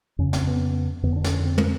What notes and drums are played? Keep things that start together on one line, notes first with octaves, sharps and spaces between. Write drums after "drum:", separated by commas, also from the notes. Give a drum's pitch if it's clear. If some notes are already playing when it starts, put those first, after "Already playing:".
F2 C#3 C#4
C4, drum: snare
B3
F2 D3 B3
D4
C#4, drum: snare
C4
drum: tom